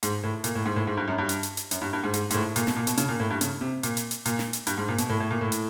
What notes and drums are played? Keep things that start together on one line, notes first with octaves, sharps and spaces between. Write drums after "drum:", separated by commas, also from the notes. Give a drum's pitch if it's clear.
G#2, drum: hi-hat
A2
A#2, drum: hi-hat
A2
G#2
A2
G#2
G2
F#2
G2
drum: hi-hat
drum: hi-hat
drum: hi-hat
F#2, drum: hi-hat
G2
G2
G#2
G#2, drum: hi-hat
G#2, drum: hi-hat
A2
A#2, drum: hi-hat
B2, drum: snare
A#2
B2, drum: hi-hat
C#3, drum: hi-hat
A#2
A2
G2
C#3, drum: hi-hat
C3
A#2, drum: hi-hat
drum: hi-hat
drum: hi-hat
A#2, drum: hi-hat
drum: snare
drum: hi-hat
G2, drum: hi-hat
G#2
A#2
B2, drum: hi-hat
A2
A2
A#2
A2
drum: hi-hat